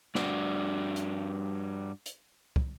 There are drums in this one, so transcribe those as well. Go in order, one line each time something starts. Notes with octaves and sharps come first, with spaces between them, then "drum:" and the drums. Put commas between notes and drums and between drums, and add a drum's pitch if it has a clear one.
G2 D4 F#4, drum: snare
drum: hi-hat
drum: hi-hat
drum: kick